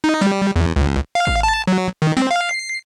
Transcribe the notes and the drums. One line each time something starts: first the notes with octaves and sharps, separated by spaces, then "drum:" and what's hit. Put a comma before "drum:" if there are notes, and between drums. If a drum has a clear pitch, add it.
D#4
G3, drum: snare
E2
C#2
F5
drum: kick G#1
A5
F#3
D#3
C4, drum: snare
F5
C7